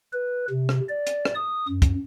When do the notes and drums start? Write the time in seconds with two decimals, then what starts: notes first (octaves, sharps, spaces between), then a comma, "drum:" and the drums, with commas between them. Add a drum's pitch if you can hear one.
0.13 B4
0.50 C3
0.69 drum: rim click
0.89 D5
1.07 drum: hi-hat
1.25 drum: rim click
1.35 D#6
1.68 F#2
1.82 drum: kick, hi-hat